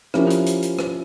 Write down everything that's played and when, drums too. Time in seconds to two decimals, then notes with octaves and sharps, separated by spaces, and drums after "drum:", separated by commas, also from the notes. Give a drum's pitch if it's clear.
0.14 F3 C#4 E4 G4 A#4, drum: rim click
0.30 drum: hi-hat
0.46 drum: hi-hat
0.62 drum: hi-hat
0.79 drum: rim click